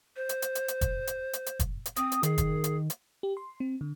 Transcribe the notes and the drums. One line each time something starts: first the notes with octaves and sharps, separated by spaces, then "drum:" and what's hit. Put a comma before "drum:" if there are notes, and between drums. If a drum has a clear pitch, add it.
C5
drum: hi-hat
drum: hi-hat
drum: hi-hat
drum: hi-hat
drum: kick, hi-hat
drum: hi-hat
drum: hi-hat
drum: hi-hat
drum: kick, hi-hat
drum: hi-hat
C4 D#6, drum: hi-hat
drum: hi-hat
D#3 G#4, drum: hi-hat
drum: kick, hi-hat
drum: hi-hat
drum: hi-hat
G4
C6
C4
D3